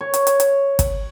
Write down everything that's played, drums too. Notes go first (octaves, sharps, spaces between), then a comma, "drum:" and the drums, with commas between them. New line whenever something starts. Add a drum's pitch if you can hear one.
C#5
drum: hi-hat
drum: hi-hat
drum: hi-hat
drum: kick, hi-hat